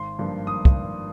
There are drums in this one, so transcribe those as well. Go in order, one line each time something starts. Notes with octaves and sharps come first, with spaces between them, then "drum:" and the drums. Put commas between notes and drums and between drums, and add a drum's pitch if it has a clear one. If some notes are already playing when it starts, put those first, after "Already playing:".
Already playing: G#1 C6
G2 F3 A#3
G#1 D#6
drum: kick